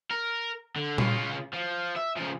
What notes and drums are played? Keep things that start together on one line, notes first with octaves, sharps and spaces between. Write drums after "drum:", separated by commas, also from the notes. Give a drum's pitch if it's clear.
A#4
D3
C#3 F4, drum: tom A#2
F3
E5
C#3 F3